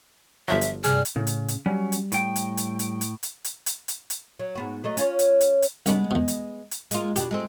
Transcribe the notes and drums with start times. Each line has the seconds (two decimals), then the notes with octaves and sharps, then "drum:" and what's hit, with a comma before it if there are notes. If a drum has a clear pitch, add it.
0.48 G1 F3 F#3 E5
0.61 drum: hi-hat
0.84 G2 C3 G3 G#4 F6, drum: hi-hat
1.05 drum: hi-hat
1.16 A2 C#3
1.27 drum: hi-hat
1.48 drum: hi-hat
1.66 F#3 G3 C#4
1.92 drum: hi-hat
2.12 A2 G5, drum: hi-hat
2.36 drum: hi-hat
2.57 drum: hi-hat
2.79 drum: hi-hat
3.01 drum: hi-hat
3.23 drum: hi-hat
3.44 drum: hi-hat
3.66 drum: hi-hat
3.88 drum: hi-hat
4.10 drum: hi-hat
4.39 F#3
4.55 G#2 B3 F#4
4.84 F#3 A3 D#5
4.97 C#4 F4 C#5, drum: hi-hat
5.19 drum: hi-hat
5.41 drum: hi-hat
5.62 drum: hi-hat
5.86 C2 G#3 B3 C#4 D4, drum: hi-hat
6.11 E2 B2
6.28 drum: hi-hat
6.71 drum: hi-hat
6.91 G#3 A#3 F4, drum: hi-hat
7.16 B2 D4 G4, drum: hi-hat
7.31 G#3 A3 C4